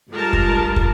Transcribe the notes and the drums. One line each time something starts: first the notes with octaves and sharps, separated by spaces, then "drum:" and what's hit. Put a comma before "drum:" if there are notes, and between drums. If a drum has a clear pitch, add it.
G2 G3 G#3 F4 A#4 A5
drum: kick
drum: kick